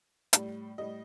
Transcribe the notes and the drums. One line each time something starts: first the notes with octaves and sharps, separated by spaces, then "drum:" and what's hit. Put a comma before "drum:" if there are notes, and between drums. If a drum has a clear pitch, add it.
A2 G3, drum: hi-hat
A2 G3 D#5